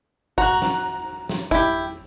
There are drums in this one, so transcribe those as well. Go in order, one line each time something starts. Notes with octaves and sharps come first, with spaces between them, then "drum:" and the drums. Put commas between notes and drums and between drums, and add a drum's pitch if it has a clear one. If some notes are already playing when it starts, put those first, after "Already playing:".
F#4 A#5 F#6, drum: kick F#1
drum: snare
drum: snare
E4 G4, drum: kick F#1